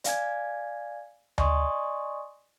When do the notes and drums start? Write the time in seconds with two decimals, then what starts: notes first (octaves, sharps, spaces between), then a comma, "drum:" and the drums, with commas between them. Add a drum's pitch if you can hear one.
0.04 D5 F5 G#5 G#6, drum: hi-hat
1.38 D5 D#5 G#5 C6 C#6 D#6, drum: tom D2